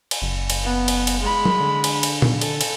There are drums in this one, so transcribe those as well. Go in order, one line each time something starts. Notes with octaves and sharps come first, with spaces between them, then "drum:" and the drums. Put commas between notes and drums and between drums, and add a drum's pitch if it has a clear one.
drum: cymbal
F#1
drum: cymbal
B3
drum: cymbal
drum: cymbal
G#3 B5
drum: tom F#3
D3
drum: cymbal
drum: cymbal
drum: tom A#2
A4, drum: cymbal
drum: cymbal